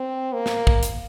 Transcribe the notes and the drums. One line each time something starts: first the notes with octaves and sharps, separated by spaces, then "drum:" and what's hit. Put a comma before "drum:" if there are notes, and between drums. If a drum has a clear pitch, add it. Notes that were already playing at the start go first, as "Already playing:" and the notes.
Already playing: C4
A#3
drum: snare
drum: kick
drum: hi-hat